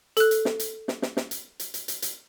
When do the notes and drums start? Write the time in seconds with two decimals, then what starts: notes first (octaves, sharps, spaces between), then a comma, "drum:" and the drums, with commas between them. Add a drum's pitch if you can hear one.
0.17 A4 F#6, drum: hi-hat
0.31 drum: hi-hat
0.45 drum: snare
0.60 drum: hi-hat
0.88 drum: snare
1.02 drum: snare
1.17 drum: snare
1.31 drum: hi-hat
1.60 drum: hi-hat
1.74 drum: hi-hat
1.88 drum: hi-hat
2.02 drum: hi-hat